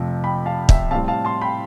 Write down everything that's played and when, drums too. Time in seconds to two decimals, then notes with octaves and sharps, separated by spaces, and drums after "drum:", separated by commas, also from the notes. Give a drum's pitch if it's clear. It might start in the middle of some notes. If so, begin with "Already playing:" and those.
Already playing: F2 C3 F3 A3
0.24 G5 B5
0.46 F5 A5
0.69 E5 G5, drum: kick
0.91 A2 G3 C4 F5 A5
1.08 F5 A5
1.25 A5 C6
1.42 G5 B5